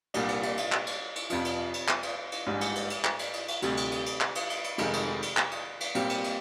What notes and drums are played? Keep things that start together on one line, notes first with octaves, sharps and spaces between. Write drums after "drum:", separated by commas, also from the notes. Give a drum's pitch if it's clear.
C2 A#2 G3 D4, drum: cymbal
drum: cymbal
drum: cymbal
drum: cymbal
drum: clap
drum: cymbal
drum: cymbal
F2 C3 F3, drum: cymbal
drum: cymbal
drum: cymbal
drum: clap
drum: cymbal
drum: cymbal
A#1 G#2 G3 D4
drum: cymbal
drum: cymbal
drum: cymbal
drum: clap
drum: cymbal
drum: cymbal
drum: cymbal
D2 C3 G3, drum: cymbal
drum: cymbal
drum: cymbal
drum: cymbal
drum: clap
drum: cymbal
drum: cymbal
drum: cymbal
F1 F2 C3 D#3 G#3, drum: cymbal
drum: cymbal
drum: cymbal
drum: clap
drum: cymbal
drum: cymbal
A#2 G3 C4, drum: cymbal
drum: cymbal
drum: cymbal